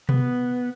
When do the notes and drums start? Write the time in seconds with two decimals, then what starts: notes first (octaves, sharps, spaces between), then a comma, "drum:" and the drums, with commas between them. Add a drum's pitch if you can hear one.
0.09 B3, drum: tom B2